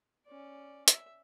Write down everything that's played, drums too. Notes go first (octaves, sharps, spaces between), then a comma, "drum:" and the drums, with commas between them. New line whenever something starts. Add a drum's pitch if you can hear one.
C#4 D5
E5, drum: hi-hat